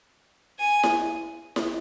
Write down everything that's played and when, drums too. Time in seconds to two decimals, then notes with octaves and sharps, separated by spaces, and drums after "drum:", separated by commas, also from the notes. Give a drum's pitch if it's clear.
0.59 G#5
0.83 drum: snare E4
1.56 drum: snare E4